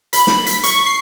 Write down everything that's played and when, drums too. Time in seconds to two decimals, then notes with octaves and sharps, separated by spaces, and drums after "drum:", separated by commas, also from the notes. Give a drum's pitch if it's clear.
0.13 B5, drum: hi-hat
0.27 B5, drum: snare
0.46 B6, drum: hi-hat
0.64 C#6, drum: hi-hat
0.86 C7